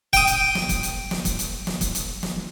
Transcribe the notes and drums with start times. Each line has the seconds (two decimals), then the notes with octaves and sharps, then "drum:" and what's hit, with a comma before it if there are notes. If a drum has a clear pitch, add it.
0.13 G5 D#6, drum: kick C#1, hi-hat
0.27 drum: hi-hat
0.55 drum: snare
0.69 drum: kick C#1, hi-hat
0.83 drum: hi-hat
1.11 drum: snare
1.25 drum: kick C#1, hi-hat
1.39 drum: hi-hat
1.67 drum: snare
1.81 drum: kick C#1, hi-hat
1.95 drum: hi-hat
2.23 drum: snare